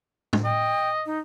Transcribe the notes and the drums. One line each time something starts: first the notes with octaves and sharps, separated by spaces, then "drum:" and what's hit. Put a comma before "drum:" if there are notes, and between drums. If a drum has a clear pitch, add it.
drum: tom
D#5 G5
D#4